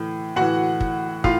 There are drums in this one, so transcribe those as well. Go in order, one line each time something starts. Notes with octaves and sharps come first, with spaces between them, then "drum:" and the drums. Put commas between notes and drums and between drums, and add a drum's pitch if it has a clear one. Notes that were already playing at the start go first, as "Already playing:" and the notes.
Already playing: A2 E3
A2 E3 F#4 F#5
drum: kick
A2 F4 F5, drum: kick